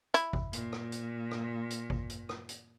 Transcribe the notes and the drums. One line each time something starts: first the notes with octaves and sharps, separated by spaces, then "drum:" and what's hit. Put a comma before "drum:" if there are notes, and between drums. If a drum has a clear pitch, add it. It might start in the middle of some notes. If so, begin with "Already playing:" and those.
E4, drum: hi-hat
drum: kick
A#2, drum: hi-hat
drum: rim click
drum: hi-hat
drum: rim click
drum: hi-hat
drum: kick
drum: hi-hat
drum: rim click
drum: hi-hat